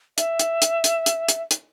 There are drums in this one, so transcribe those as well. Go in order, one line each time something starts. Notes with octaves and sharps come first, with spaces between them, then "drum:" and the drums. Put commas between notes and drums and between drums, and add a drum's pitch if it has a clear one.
E5, drum: hi-hat
drum: hi-hat
drum: hi-hat
drum: hi-hat
drum: hi-hat
drum: hi-hat
drum: hi-hat